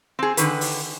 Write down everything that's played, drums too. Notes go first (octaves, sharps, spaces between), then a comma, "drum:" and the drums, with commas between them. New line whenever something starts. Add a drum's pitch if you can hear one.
C4 G#4
D3 D#3 B4, drum: hi-hat
drum: open hi-hat